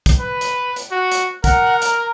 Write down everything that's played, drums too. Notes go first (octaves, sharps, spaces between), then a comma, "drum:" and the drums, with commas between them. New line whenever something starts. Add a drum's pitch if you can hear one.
drum: kick, hi-hat
B4
drum: hi-hat
drum: hi-hat
F#4
drum: hi-hat
A#4 F#5, drum: kick, hi-hat
A#5, drum: hi-hat